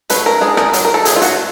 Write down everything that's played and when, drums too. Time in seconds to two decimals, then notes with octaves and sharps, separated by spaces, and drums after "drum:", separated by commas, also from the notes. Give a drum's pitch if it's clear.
0.10 F#3 A3 C#4 B4, drum: hi-hat
0.26 A#4
0.41 E3 G#3 B3 D4 G#4
0.57 A#4, drum: rim click
0.73 D#3 F#3, drum: hi-hat
0.85 A#4
0.94 A4
1.05 F#3 A3 C#4 G#4, drum: hi-hat
1.16 F4
1.22 F#4, drum: hi-hat